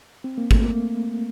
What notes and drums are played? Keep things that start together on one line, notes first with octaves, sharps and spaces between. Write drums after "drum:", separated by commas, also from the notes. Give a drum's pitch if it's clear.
C4
A#3
A3, drum: kick G#1
A#3